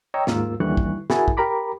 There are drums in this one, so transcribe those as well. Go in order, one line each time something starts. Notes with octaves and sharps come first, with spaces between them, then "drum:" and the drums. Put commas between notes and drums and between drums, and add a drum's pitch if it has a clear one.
C#5 D#5 G5 A#5 E6
D#2 G#2 A#3 F4 A#4 E6, drum: snare
D#2 D3 E3 G3 C#6 F#6
drum: kick
E4 F#4 G#4 A#4 G#5 A5, drum: snare
drum: kick
G4 A#4 A#5 B5 D6